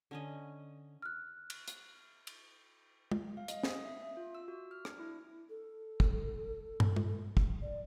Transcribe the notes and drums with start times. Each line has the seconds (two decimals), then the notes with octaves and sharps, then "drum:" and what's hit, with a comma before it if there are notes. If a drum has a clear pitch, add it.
0.11 D3 C#4 D#5
1.02 F6 F#6
1.50 drum: cymbal
1.68 drum: hi-hat
2.27 drum: cymbal
3.12 drum: tom
3.37 F5
3.48 D#5, drum: hi-hat
3.63 D#6, drum: snare
3.85 E5
4.02 E5
4.17 F4
4.35 E6
4.48 F#4
4.71 F6
4.85 D4, drum: rim click
5.00 E4
5.50 A4
6.00 drum: kick
6.80 drum: tom
6.96 drum: tom
7.37 drum: kick
7.62 D5